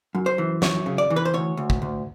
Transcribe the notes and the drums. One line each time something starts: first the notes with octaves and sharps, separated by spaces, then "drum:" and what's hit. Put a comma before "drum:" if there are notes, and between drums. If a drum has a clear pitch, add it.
F#2
C5
E3
F#2 C#5, drum: snare
C#3
D5
E3
B4
C5
D2 C#5
D2
drum: kick
D2